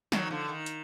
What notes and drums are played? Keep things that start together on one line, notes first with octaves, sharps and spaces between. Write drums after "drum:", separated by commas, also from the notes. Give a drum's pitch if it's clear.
D#3 F#3, drum: snare
D3 F3
D#3
drum: hi-hat